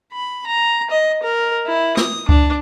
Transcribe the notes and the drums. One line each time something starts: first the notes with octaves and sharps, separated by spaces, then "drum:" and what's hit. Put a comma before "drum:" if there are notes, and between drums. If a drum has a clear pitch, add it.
B5
A#5
D#5
A#4
E4
D#6, drum: snare
D4, drum: kick C#2